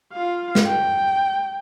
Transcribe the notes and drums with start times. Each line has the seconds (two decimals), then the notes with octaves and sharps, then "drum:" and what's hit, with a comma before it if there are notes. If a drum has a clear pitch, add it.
0.13 F4 F5
0.55 drum: snare
0.65 G5